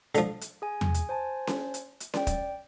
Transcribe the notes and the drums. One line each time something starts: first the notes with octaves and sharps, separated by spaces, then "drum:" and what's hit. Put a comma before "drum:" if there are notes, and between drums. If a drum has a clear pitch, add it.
D3 F3, drum: hi-hat
drum: hi-hat
G#4 G#5
drum: tom E2
drum: hi-hat
C5 G#5 A5
drum: snare C#4
drum: hi-hat
drum: hi-hat
D5 G5, drum: snare C#4
drum: kick, hi-hat